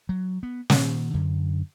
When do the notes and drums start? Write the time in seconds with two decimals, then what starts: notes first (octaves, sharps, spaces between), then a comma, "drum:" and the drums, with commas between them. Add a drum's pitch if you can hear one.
0.09 F#3
0.43 B3
0.70 A#2 D#3, drum: snare
1.14 F#2 D3